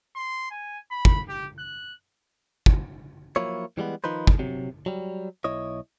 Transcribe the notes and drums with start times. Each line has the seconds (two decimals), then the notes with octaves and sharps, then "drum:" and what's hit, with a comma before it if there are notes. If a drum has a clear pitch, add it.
0.16 C6
0.51 G#5
0.91 B5
1.05 drum: kick
1.29 G4
1.59 F#6
2.66 drum: kick
3.36 F3 F#3 A#3 E4 C#5
3.78 E3 G3 G#3 B3
4.04 D#3 F3 D#4 B4 C5
4.27 drum: kick
4.39 C3 F#3
4.86 F#3 G3
5.44 B1 E4 C#5 D#5